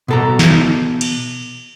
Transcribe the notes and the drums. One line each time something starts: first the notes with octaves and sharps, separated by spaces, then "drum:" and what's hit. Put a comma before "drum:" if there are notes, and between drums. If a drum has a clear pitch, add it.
B2 A4 A#5
drum: snare
drum: cymbal